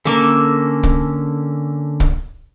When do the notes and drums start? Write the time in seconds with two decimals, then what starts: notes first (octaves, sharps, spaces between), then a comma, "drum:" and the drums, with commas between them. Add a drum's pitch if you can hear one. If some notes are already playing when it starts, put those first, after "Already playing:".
0.05 D3 A#3 C#4 A4 D6
0.83 drum: kick
2.00 drum: kick